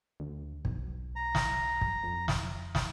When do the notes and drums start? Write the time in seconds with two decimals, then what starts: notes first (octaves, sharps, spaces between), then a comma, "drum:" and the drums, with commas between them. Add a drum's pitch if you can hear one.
0.20 D2
0.65 B1, drum: kick
1.16 A#5
1.35 drum: snare
1.81 drum: kick
2.03 F2
2.28 drum: snare
2.75 drum: snare